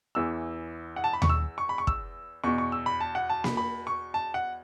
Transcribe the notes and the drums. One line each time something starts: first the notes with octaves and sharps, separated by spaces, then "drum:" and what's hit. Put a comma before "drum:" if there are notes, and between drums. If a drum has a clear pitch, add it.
E2 E3 E6
F#5
A5
B5
C#6, drum: tom D#2
E6
C#6
B5
C#6
E6, drum: kick
E2 B2 C#6
C#6
E6
B5
A5
F#5
A5
B5, drum: snare A#3
B5
C#6
A5
F#5